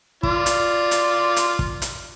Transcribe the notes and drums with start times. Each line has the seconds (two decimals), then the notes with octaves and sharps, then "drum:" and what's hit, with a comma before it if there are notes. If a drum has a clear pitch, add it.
0.23 F4 D5, drum: kick
0.46 drum: hi-hat
0.91 drum: hi-hat
1.36 drum: hi-hat
1.59 drum: kick
1.82 drum: hi-hat